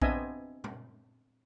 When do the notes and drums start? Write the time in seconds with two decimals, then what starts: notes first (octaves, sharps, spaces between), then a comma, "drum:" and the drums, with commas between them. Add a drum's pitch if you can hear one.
0.02 B3 C4 D4 D#5 E5 G#5, drum: kick A#1
0.64 drum: tom